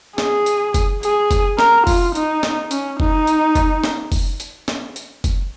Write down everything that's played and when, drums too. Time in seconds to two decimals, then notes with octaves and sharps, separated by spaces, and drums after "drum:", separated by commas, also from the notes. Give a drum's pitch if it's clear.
0.18 G#4, drum: snare
0.46 drum: hi-hat
0.74 drum: kick, hi-hat
1.03 G#4, drum: hi-hat
1.31 drum: kick, hi-hat
1.59 A#4, drum: snare
1.87 F4, drum: kick, open hi-hat
2.15 D#4, drum: hi-hat
2.43 drum: snare
2.71 C#4, drum: hi-hat
3.00 D#4, drum: kick
3.27 drum: hi-hat
3.55 drum: kick, hi-hat
3.84 drum: snare
4.12 drum: kick, open hi-hat
4.40 drum: hi-hat
4.68 drum: snare
4.96 drum: hi-hat
5.24 drum: kick, hi-hat